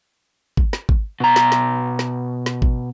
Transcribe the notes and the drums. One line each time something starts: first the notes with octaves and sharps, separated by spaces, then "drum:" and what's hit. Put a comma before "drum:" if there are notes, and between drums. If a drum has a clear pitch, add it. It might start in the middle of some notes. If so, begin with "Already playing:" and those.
drum: kick G#1
drum: snare
drum: kick G#1
B2 A#5
drum: snare
drum: snare
drum: snare
drum: snare
drum: kick G#1